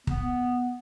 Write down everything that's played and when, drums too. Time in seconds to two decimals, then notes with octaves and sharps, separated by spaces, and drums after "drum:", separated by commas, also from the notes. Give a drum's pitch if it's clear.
0.07 B3, drum: kick